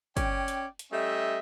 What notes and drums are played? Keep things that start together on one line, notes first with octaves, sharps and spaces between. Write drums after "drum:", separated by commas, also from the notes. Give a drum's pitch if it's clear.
C#4 D5 G5, drum: kick, hi-hat
drum: hi-hat
drum: hi-hat
G3 A3 C#4 D#5 E5